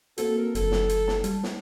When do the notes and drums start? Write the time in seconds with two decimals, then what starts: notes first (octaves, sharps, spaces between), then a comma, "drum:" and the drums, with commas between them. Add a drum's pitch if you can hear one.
0.18 A#3 C4 F#4 A4, drum: hi-hat
0.38 A#4
0.55 F#1 D3 F#3 A4, drum: hi-hat
0.71 drum: snare
0.89 drum: hi-hat
1.08 A5, drum: snare
1.24 G3, drum: hi-hat
1.43 drum: snare